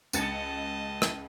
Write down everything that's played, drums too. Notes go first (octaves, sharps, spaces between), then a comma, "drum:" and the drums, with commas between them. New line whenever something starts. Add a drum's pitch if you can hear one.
C#2 D#5 A5 A6 C#7, drum: tambourine
drum: rim click